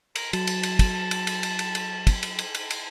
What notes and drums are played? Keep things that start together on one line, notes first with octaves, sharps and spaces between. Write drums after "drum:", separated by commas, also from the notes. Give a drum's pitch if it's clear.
A#4, drum: cymbal
F#3 A5, drum: cymbal
drum: cymbal
drum: cymbal
drum: kick, cymbal
drum: cymbal
drum: cymbal
drum: cymbal
drum: cymbal
drum: cymbal
drum: kick, cymbal
drum: cymbal
drum: cymbal
drum: cymbal
drum: cymbal